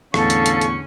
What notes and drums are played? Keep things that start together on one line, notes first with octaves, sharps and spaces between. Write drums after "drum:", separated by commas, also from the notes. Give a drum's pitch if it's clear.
E2 A2 D3 C#4 A4 F5 C#6, drum: rim click
drum: hi-hat
drum: hi-hat
drum: hi-hat